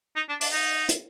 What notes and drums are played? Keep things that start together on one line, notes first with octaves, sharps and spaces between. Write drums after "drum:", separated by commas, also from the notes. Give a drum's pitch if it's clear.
D#4
D4
D4, drum: open hi-hat
D#4
drum: hi-hat